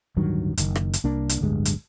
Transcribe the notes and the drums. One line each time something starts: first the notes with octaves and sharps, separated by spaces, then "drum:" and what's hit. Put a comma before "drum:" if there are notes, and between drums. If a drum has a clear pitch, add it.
D1 G2 D#3 F#3
F#1 D#3, drum: hi-hat
drum: rim click
drum: hi-hat
C2 A#3 D4
drum: hi-hat
D1 G1 G2 G#3
drum: hi-hat